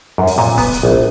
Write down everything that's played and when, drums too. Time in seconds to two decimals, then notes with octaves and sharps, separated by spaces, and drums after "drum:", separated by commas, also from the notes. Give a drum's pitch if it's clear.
0.18 F#2
0.27 drum: open hi-hat
0.38 A#2
0.58 B3, drum: kick, open hi-hat
0.73 drum: hi-hat
0.83 A#1